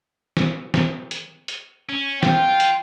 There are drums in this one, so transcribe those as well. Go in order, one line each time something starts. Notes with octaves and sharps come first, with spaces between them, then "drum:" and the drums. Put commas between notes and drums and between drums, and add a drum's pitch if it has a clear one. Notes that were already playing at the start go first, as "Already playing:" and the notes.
drum: snare
drum: snare
drum: hi-hat
drum: hi-hat
C#4
F4 G5, drum: snare
drum: hi-hat